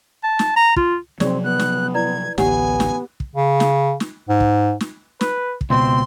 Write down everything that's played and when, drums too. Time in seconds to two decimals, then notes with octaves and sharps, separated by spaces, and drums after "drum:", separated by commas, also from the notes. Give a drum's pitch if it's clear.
0.23 A5
0.39 drum: snare
0.56 A#5
0.76 F4, drum: kick
1.20 C3 F3 F#3 C4 G#4 C#5 D5, drum: snare
1.44 B3 F#6
1.59 drum: snare
1.94 E4 B4 D5 G#6
2.38 A1 D2 B3 G4 C#5 F#5 G#5, drum: snare
2.80 drum: snare
3.20 drum: kick
3.35 C#3
3.60 drum: snare
4.00 drum: snare
4.29 G#2
4.40 drum: kick
4.80 drum: snare
5.21 B4, drum: snare
5.61 drum: kick
5.70 C#2 B2 C4 C6